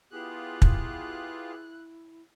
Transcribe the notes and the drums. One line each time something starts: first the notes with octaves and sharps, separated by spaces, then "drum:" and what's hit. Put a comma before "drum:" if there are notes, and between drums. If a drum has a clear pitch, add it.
B3 E4 F4 G4 G#4 F#6
drum: kick